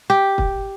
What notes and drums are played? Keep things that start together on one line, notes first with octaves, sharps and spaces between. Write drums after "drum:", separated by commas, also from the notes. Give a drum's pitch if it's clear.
G4
drum: kick